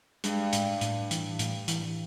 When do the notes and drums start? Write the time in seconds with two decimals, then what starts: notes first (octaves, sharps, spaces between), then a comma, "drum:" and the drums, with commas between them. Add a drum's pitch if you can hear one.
0.24 G2 G#3, drum: hi-hat
0.53 A2, drum: hi-hat
0.81 A2, drum: hi-hat
1.11 E3, drum: hi-hat
1.39 A2, drum: hi-hat
1.68 E3, drum: hi-hat